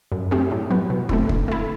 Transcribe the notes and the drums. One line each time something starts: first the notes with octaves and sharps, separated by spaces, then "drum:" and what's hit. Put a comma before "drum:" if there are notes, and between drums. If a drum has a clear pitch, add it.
F#2
F#3 A3 C4 G4
A2
F#3 B3
B2
A3 C4 E4, drum: kick
D3, drum: kick
A3 E4